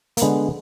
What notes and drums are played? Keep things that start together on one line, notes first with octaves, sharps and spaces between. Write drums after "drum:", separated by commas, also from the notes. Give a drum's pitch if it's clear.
A#3, drum: hi-hat
D3 G#3 B3